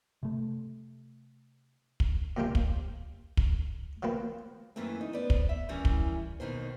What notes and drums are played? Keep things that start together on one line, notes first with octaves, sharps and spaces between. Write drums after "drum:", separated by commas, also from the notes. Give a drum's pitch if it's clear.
C3 A3
drum: kick
A#2 E3 F3 G3 D4 F4
drum: kick
drum: kick
E3 F3 A#3 C4 B4
F#2 D#3 E3 A3 A#3 C4
D#4
B3 C5 D5
drum: kick
E5
D#3 E3 G3 C#4
drum: kick
D#2 G#2 B2 D#3 C5